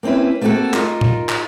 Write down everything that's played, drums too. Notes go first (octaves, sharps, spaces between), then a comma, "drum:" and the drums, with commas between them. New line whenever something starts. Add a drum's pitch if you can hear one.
A#3 C4 C#4 E4 B4
A3 A#3 C4 D4 F#4 A4
D#4 F4 A#4, drum: clap
drum: tom
drum: clap